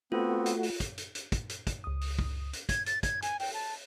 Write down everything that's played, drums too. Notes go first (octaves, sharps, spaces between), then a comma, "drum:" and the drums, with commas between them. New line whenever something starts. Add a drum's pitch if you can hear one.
A3 B3 C4 F4 F#4
drum: hi-hat
drum: open hi-hat
drum: kick, hi-hat
drum: hi-hat
drum: hi-hat
drum: kick, hi-hat
drum: hi-hat
drum: kick, hi-hat
C#2 D#6
drum: open hi-hat
drum: kick
drum: hi-hat
G#6, drum: kick, hi-hat
A6, drum: hi-hat
G#6, drum: kick, hi-hat
G#5, drum: hi-hat
G5, drum: open hi-hat
A5